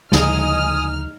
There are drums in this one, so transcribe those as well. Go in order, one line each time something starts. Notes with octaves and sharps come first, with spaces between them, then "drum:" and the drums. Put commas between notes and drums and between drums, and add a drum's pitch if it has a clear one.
D2 C#3 F3 D#4 G#5 D#6 F6, drum: snare